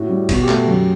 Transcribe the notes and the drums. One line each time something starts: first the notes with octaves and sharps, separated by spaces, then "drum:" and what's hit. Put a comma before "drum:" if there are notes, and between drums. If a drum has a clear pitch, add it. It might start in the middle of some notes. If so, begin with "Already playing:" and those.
Already playing: A2 F#4
G3
B2 F#4, drum: kick, cymbal
G4
A3, drum: clap
G4
F#2